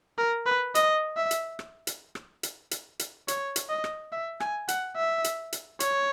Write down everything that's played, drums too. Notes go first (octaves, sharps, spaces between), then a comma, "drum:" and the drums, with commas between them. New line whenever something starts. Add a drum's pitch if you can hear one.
A#4
B4
D#5, drum: hi-hat
E5
drum: hi-hat
drum: rim click
drum: hi-hat
drum: rim click
drum: hi-hat
drum: hi-hat
drum: hi-hat
C#5, drum: hi-hat
drum: hi-hat
D#5
drum: rim click
E5
G#5, drum: rim click
F#5, drum: hi-hat
E5
drum: hi-hat
drum: hi-hat
C#5, drum: hi-hat